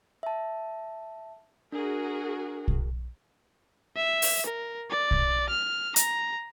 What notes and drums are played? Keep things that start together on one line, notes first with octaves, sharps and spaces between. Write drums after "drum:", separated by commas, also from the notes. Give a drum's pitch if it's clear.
E5 A5
D4 F#4 G#4 A#4
drum: kick
E5
drum: open hi-hat
A#4
D5
drum: kick
F6
A#5, drum: hi-hat